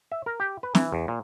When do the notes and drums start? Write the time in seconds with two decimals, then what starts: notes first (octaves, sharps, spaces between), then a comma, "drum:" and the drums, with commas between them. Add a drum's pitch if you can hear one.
0.12 E5
0.26 A#4
0.40 G4
0.63 B4
0.75 E3, drum: snare
0.92 E2
1.08 A#2